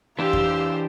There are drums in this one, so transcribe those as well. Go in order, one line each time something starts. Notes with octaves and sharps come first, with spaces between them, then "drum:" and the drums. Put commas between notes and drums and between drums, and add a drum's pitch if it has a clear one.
E3 D4 G4 C5 F5 E6
drum: kick F2